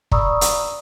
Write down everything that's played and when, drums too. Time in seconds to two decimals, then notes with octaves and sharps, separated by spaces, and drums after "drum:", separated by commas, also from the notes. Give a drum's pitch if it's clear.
0.12 D5 A#5 B5 C#6 D#6 E6, drum: kick
0.41 drum: hi-hat